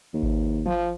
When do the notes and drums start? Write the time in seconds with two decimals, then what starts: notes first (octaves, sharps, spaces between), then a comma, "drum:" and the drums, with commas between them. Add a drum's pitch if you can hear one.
0.14 D#2
0.23 drum: kick G#1
0.66 F3, drum: tom F3